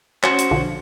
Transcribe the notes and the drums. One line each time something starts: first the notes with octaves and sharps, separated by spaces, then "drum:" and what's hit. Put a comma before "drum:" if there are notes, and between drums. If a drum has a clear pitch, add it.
C#4 F#4 C5, drum: clap
drum: hi-hat
B1 D3 F3